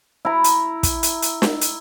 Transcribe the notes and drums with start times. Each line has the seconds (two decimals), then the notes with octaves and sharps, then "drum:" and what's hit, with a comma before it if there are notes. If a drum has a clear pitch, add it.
0.25 E4 A#5
0.44 drum: hi-hat
0.83 drum: kick, hi-hat
1.03 drum: hi-hat
1.22 drum: hi-hat
1.42 drum: snare
1.61 drum: hi-hat